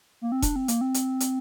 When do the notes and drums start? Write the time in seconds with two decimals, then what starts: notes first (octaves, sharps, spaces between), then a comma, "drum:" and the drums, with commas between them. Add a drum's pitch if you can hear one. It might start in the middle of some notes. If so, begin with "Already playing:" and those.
0.21 A#3
0.32 C4
0.42 D4, drum: kick E1, hi-hat
0.56 C4
0.68 A#3, drum: hi-hat
0.81 C4
0.94 drum: hi-hat
1.20 drum: hi-hat